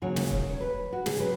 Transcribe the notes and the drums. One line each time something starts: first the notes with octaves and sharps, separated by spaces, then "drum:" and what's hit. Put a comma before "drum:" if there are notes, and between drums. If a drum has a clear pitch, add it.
D#2 C#3 F#3 F#4
drum: snare
drum: kick C#1
C#5
B4
F#4
G#4, drum: snare
F#3 B4